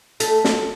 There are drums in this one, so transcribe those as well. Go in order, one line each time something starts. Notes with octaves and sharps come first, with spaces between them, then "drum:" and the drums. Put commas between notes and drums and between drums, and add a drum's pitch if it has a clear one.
A3, drum: hi-hat
drum: snare